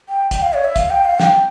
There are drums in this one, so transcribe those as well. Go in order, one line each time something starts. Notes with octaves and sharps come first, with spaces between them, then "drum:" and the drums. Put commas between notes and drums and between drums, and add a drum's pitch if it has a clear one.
G5
G5, drum: kick, hi-hat
F5
C#5
E5
F5, drum: kick, hi-hat
G5
F5
G5, drum: snare